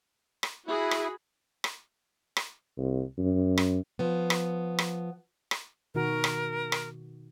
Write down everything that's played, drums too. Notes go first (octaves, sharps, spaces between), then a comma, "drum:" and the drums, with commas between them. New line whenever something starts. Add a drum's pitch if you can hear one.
drum: rim click
E4 F#4 G#4 B5
drum: rim click
drum: rim click
drum: rim click
C2
F#2
drum: rim click
F3 B3
drum: rim click
drum: rim click
drum: rim click
B2 D#3 F#4 A#4
drum: rim click
drum: rim click